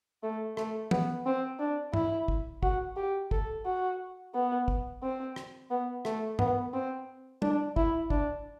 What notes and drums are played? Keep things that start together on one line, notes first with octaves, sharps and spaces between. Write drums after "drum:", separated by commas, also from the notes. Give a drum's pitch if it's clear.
A3
A3, drum: rim click
B3, drum: tom E3
C4
D4
E4, drum: tom G2
drum: kick
F#4, drum: kick
G4
A4, drum: kick
F#4
B3
drum: kick
C4
drum: rim click
B3
A3, drum: rim click
B3, drum: tom G2
C4
D4, drum: tom
E4, drum: kick
D4, drum: kick